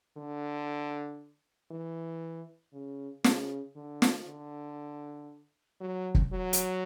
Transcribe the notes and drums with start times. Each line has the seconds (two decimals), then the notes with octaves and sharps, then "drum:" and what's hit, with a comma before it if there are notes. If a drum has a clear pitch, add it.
0.17 D3
1.71 E3
2.73 C#3
3.24 C#3, drum: snare
3.76 D3
4.02 drum: snare
4.27 D3
5.81 F#3
6.15 drum: kick
6.32 F#3
6.53 drum: hi-hat